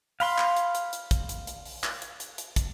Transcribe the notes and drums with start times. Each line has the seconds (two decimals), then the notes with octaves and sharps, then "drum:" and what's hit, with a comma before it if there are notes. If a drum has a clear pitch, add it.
0.20 F5 B5 C6, drum: open hi-hat
0.38 drum: clap
0.56 drum: hi-hat
0.75 drum: hi-hat
0.93 drum: hi-hat
1.11 drum: kick, hi-hat
1.29 drum: hi-hat
1.47 drum: hi-hat
1.66 drum: open hi-hat
1.84 drum: clap
2.02 drum: hi-hat
2.20 drum: hi-hat
2.38 drum: hi-hat
2.56 drum: kick, hi-hat